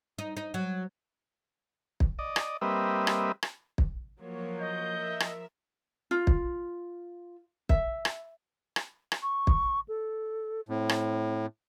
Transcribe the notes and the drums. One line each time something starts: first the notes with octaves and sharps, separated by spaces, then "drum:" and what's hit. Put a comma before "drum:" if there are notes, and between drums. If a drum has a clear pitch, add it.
D#4
D#4
F#3
drum: kick
D5 D#5
drum: rim click
G3 A#3 C4 B4 D#5 E5
drum: rim click
drum: rim click
drum: kick
F3 F#3 A#3 C#5
D#5 G6
A#4 E5
drum: rim click
F4
drum: kick
E5, drum: kick
drum: rim click
drum: rim click
drum: rim click
C#6
drum: kick
A4
A2 C4
drum: rim click